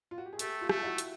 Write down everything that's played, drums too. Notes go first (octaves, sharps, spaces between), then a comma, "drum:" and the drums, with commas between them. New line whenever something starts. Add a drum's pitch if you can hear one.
F4
F#4
G4
G#4
A3 G4 A4, drum: hi-hat
F4 G4
A3, drum: rim click
E4 F#4
drum: hi-hat